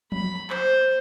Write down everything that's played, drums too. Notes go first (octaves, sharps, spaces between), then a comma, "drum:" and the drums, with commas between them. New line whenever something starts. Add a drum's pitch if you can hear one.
B5, drum: tom F3
C5, drum: clap